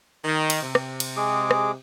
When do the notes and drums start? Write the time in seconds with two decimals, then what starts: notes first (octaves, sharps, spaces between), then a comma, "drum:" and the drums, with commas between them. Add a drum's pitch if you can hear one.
0.25 D#3
0.50 drum: cymbal
0.62 C3
0.75 drum: rim click
1.00 drum: cymbal
1.17 G#3 G#4 D6
1.51 drum: rim click